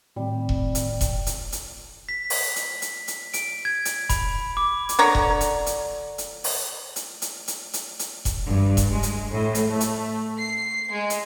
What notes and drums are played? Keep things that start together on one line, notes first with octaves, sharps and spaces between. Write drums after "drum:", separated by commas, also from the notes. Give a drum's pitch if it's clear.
A2 D#3 G3 C4
drum: kick E1
drum: hi-hat
drum: kick E1, hi-hat
drum: hi-hat
drum: hi-hat
B6
drum: open hi-hat
drum: hi-hat
drum: hi-hat
drum: hi-hat
D7, drum: hi-hat
G#6
drum: hi-hat
B5, drum: kick E1, hi-hat
D6
drum: hi-hat
D3 C#5 A#5
drum: kick E1
drum: hi-hat
drum: hi-hat
drum: hi-hat
drum: open hi-hat
drum: hi-hat
drum: hi-hat
drum: hi-hat
drum: hi-hat
drum: hi-hat
drum: kick E1, hi-hat
G2
drum: kick E1, hi-hat
G#3
drum: hi-hat
A2
drum: hi-hat
A3
drum: hi-hat
C7
G#3
drum: hi-hat